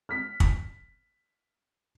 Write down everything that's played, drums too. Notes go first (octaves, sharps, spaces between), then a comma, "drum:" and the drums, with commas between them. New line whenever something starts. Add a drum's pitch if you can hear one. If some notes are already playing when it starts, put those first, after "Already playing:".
F6 B6
drum: kick